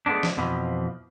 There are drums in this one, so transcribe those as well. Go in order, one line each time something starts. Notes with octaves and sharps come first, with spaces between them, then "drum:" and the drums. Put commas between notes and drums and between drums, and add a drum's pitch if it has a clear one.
G#3 A3 B3 C#4 D4
drum: snare
F2 B2 E3 F3